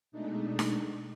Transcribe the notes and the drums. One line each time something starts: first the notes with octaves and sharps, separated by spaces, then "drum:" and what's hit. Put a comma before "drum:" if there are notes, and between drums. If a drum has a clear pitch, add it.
B2 G#3 A3 D4 D#4
drum: snare D#4